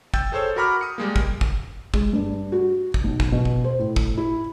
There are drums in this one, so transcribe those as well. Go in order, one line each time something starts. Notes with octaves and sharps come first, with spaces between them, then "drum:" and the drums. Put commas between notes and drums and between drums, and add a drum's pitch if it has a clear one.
G5 E6 G6 A6, drum: kick
G#4 A4 C5 C#5 E6
F#4 A#4 A#5 B5 D6 F6
D#6 C#7
G3 G#3 A#3
drum: kick
drum: kick
G#3, drum: kick
G2
F#4
drum: kick
B1
drum: kick
B2
drum: kick
C5
A2
drum: kick
E4